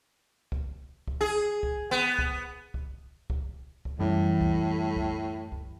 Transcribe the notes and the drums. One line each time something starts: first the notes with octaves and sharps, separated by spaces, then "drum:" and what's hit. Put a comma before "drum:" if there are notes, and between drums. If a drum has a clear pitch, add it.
drum: kick
drum: kick
G#4
drum: kick
B3
drum: kick
drum: kick
drum: kick
drum: kick
F#2 A2 E3 G3
drum: kick
drum: kick
drum: kick